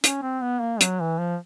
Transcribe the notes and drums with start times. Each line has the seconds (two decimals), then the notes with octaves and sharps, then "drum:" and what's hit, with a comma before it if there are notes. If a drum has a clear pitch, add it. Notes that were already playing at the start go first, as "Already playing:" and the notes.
0.04 C#4, drum: hi-hat
0.22 C4
0.42 B3
0.61 A#3
0.81 F#3, drum: hi-hat
1.00 E3
1.19 F3